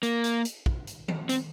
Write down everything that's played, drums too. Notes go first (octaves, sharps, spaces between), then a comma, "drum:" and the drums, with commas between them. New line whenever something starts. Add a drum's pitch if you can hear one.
A#3, drum: hi-hat
drum: hi-hat
drum: hi-hat
drum: kick
drum: hi-hat
drum: tom D#3
C4, drum: hi-hat